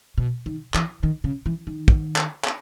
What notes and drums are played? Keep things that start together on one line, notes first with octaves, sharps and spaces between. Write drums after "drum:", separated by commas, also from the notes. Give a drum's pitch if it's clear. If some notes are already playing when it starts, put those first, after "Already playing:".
B2
D#3
E3, drum: clap
D#3
C#3
E3
D#3
drum: kick
drum: clap
drum: clap